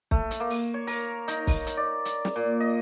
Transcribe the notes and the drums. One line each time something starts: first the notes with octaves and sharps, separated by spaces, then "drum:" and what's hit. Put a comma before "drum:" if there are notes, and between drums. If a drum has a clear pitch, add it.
A3, drum: kick
drum: hi-hat
A#3
drum: open hi-hat
C#5
A#4, drum: open hi-hat
D#4, drum: hi-hat
drum: kick, open hi-hat
drum: hi-hat
D5
drum: hi-hat
drum: snare
A#2
D#5